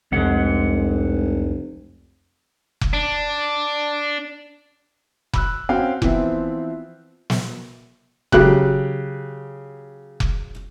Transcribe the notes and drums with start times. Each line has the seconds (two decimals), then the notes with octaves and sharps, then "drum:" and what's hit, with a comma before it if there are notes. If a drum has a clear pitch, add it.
0.12 F1 C2 F2 G#3 F#5
2.81 drum: kick F1
2.93 D4
5.33 B5 E6 F#6, drum: kick F1
5.69 C4 C#4 F#4 F5 G5
6.02 E3 F3 B3 C4 E5, drum: kick F1
7.30 drum: snare
8.32 C#3 F#3 G4 F#6, drum: kick F1
10.20 drum: kick F1